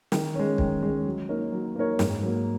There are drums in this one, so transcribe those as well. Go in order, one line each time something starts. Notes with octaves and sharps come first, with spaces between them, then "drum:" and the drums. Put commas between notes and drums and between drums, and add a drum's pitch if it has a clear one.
D#3, drum: snare
G#3 C#4
D#3, drum: kick
G#3 C#4
F#3
A#3 D#4 A#4 C#5
F#3
A#3 D#4 A#4 C#5
G#2, drum: snare
F#3 A#3